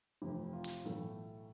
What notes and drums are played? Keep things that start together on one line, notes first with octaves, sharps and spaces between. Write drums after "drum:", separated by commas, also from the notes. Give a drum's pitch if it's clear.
F1 F2 C3 E3
F4
drum: hi-hat
B1 A2 E3 A3